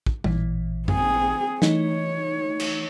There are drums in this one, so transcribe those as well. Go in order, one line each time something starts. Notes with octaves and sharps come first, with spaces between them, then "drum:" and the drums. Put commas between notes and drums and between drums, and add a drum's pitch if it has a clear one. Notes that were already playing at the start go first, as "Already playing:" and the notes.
drum: kick
A1 A#2 E3, drum: tom
C4 G#4, drum: tom F#2
E3 A3 D#4 C#5, drum: snare
drum: cymbal